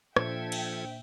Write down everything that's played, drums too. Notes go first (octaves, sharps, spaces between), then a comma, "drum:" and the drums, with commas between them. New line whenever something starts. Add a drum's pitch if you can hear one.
A#2 F3 D4 A4 C5 E5 G5 G#6, drum: rim click
drum: cymbal